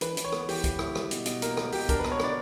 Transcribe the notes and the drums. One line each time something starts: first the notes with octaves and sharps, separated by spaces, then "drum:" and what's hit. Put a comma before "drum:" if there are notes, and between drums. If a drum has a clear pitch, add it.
E3 B4, drum: hi-hat
E3, drum: hi-hat
C#5
B3, drum: rim click
E3 G4, drum: open hi-hat
E3, drum: kick, hi-hat
E4, drum: rim click
G3, drum: rim click
B2, drum: hi-hat
B2, drum: hi-hat
A#3 A#4, drum: hi-hat
A#3, drum: rim click
B2 G4, drum: open hi-hat
D4 A#4, drum: kick, hi-hat
B4
B3, drum: rim click
C#5
D4 D5, drum: rim click